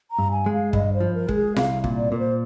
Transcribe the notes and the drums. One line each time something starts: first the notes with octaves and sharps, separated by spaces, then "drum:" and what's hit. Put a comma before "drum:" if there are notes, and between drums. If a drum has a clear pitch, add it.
A#5
G2
G#5
G#3
F5
G2 D#5, drum: kick
C5
F3
A#4
G#3, drum: kick
G#4
C2 F5, drum: snare F4
A#2, drum: kick
D5
A#2 A#4
C5